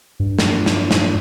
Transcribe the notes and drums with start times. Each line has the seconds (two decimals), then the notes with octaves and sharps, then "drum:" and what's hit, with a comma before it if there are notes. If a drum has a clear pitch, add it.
0.20 G2
0.39 drum: snare
0.66 drum: snare
0.91 drum: snare